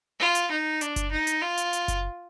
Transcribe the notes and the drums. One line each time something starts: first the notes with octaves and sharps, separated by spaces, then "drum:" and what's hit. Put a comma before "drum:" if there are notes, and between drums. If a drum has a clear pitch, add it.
F4
drum: hi-hat
D#4
D4, drum: hi-hat
drum: kick F#1, hi-hat
D#4
drum: hi-hat
F4
drum: hi-hat
drum: hi-hat
drum: kick F#1, hi-hat